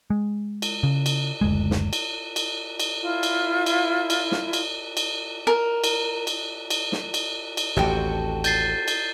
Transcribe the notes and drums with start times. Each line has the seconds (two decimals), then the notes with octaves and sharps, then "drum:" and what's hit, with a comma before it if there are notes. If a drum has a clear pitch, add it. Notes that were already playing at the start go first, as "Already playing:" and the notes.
0.10 G#3
0.62 drum: cymbal
0.83 C#3
1.06 drum: cymbal
1.41 F#1 D2 G#3
1.71 drum: snare
1.93 drum: cymbal
2.36 drum: cymbal
2.80 drum: cymbal
3.01 E4 F4
3.23 drum: cymbal
3.66 drum: cymbal
4.10 drum: cymbal
4.32 drum: snare
4.53 drum: cymbal
4.97 drum: cymbal
5.47 A#4
5.84 drum: cymbal
6.27 drum: cymbal
6.70 drum: cymbal
6.92 drum: snare
7.14 drum: cymbal
7.57 drum: cymbal
7.77 A1 D#2 C4 F#4 G4 A4 G5
8.44 G6 A6 C7, drum: cymbal
8.88 drum: cymbal